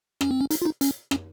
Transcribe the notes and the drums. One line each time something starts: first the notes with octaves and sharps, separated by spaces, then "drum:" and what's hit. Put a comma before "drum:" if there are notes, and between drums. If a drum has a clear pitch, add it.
C#4, drum: rim click
C4
C#4
D#4, drum: hi-hat
F4
D#4
C#4, drum: hi-hat
C#4, drum: rim click